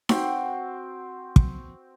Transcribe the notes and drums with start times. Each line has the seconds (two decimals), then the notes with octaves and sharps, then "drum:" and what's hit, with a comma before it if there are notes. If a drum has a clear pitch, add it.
0.09 C4 F#4 G5, drum: snare D#4
1.36 drum: kick